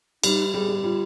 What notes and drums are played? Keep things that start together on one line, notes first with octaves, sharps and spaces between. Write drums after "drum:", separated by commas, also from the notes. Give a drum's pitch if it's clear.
G3 D#4, drum: cymbal
G3 G#4
G3
G3 F4